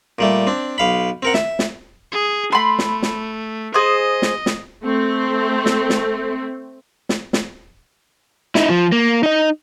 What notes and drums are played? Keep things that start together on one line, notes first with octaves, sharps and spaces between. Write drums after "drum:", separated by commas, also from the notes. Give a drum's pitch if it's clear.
A#2 G3 A3
C4 D4
B1 F5 B5
C4 A#4 F#5
E5, drum: snare
drum: snare
G#4
A3 B5 C6
drum: snare
drum: snare
G#4 C5 D#5
drum: snare
drum: snare
A3 C4
drum: snare
drum: snare
drum: snare
drum: snare
D#4 E4, drum: snare
F3
A#3
D#4 D#5